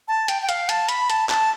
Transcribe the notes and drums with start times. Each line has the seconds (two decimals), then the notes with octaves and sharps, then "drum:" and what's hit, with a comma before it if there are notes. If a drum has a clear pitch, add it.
0.08 A5
0.28 G5, drum: hi-hat
0.42 G5
0.49 F5, drum: hi-hat
0.69 A5, drum: hi-hat
0.89 B5, drum: hi-hat
1.10 A5, drum: hi-hat
1.29 A5, drum: clap